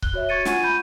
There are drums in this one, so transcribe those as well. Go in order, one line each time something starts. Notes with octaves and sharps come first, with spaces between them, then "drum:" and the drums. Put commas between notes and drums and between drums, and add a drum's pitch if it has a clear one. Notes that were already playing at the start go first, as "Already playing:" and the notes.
F#6 G7, drum: kick C#1
F#4 C#5 E5
C#6 G#6 A6 C#7 D#7
F4 F#5 G#5 C#6 G#6 D#7, drum: snare
F4 B5 G6 D#7